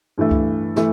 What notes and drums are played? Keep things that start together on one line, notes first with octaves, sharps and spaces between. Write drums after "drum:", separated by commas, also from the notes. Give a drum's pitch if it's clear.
G2 E3 A3
drum: kick C#2
E3 A3, drum: snare